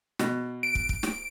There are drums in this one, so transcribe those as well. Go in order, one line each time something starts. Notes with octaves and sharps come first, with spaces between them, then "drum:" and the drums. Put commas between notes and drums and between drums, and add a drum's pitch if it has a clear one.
B2, drum: snare
D7
drum: kick
drum: kick
drum: snare